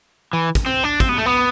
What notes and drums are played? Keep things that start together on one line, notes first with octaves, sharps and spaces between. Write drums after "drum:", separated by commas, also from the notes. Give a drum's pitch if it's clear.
E3
drum: kick, hi-hat
C4
D4
C4, drum: kick, hi-hat
B3
A3
B3